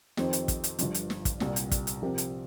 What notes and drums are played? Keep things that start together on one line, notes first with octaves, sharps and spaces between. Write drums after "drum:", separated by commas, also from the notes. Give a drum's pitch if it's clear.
F2 D#3 C4 G4 C5, drum: snare
drum: hi-hat
drum: kick, hi-hat
drum: hi-hat
G1 G2 F3, drum: hi-hat
drum: hi-hat
drum: snare
drum: kick, hi-hat
C2 A#2 G3 A#3, drum: snare
drum: hi-hat
drum: kick, hi-hat
drum: hi-hat
C3 F3 C4 G4 A#4
drum: hi-hat